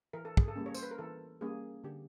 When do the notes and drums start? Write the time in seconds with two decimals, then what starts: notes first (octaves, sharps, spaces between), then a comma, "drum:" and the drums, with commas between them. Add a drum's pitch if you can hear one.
0.13 E3 A#4
0.25 A4
0.37 G#4, drum: kick
0.48 A4
0.56 G3 A#3 C#4
0.66 C#5
0.74 C5, drum: tambourine
0.83 B4
0.91 A#4
0.98 E3 A4
1.41 G3 A#3 C#4 G#4
1.84 D3 G4